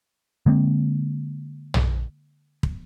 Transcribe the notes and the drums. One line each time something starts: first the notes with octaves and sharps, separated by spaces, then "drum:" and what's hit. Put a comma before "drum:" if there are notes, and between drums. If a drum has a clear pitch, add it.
D3 G#3 A#3 C4
drum: tom
drum: kick